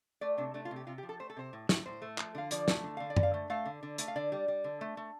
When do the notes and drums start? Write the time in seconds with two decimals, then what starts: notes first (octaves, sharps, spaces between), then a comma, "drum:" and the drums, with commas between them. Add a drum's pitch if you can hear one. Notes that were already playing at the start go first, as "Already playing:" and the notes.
0.21 A3 D5
0.37 C3 D4
0.54 A3 D4
0.65 F4
0.71 C3
0.76 G4
0.87 C3 F4
0.98 G4
1.03 F3
1.09 A4
1.20 A3 C5
1.30 A4
1.37 C3 C5
1.53 A2
1.69 A2, drum: snare
1.85 A2 C5
2.02 A3
2.18 F3, drum: clap
2.35 D3 F5
2.51 F3 D5, drum: hi-hat
2.68 A3, drum: snare
2.84 D3
2.97 D3 F5
3.10 D5
3.17 D3, drum: tom F#2
3.23 F5
3.34 A3
3.50 A3 F5
3.65 D3
3.83 D3
3.98 A3, drum: hi-hat
4.08 F5
4.16 D3 D5
4.32 G3
4.48 G3
4.64 D3
4.81 A3
4.97 A3